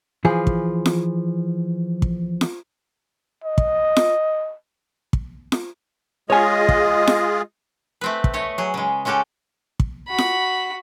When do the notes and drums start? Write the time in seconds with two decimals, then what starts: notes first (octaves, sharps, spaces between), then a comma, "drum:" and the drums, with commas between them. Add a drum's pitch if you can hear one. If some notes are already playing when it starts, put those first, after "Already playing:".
0.25 E3 F3 G#4
0.47 drum: kick
0.86 drum: snare F4
2.02 drum: kick
2.41 drum: snare F4
3.44 D#5
3.58 drum: kick
3.96 drum: snare F4
5.13 drum: kick
5.52 drum: snare F4
6.30 G#3 F4 G#4 C#5 D#5 G#5
6.69 drum: kick
7.07 drum: snare F4
8.01 A3 C4 B4
8.24 drum: kick
8.33 A3 C#5 D#5
8.58 F#3 G#4
8.74 C#3 G#3
9.05 G#3 C#4 F#4 G4 A4
9.80 drum: kick
10.08 F#4 B5
10.18 drum: snare F4